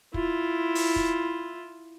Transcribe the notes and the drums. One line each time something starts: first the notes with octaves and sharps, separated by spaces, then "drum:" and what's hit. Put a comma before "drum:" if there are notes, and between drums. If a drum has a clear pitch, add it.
E4 F4, drum: kick
drum: open hi-hat
drum: kick